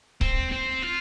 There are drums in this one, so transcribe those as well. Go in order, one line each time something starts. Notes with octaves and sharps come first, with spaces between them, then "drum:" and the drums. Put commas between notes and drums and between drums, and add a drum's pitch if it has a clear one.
C4, drum: kick C#1
C4
F4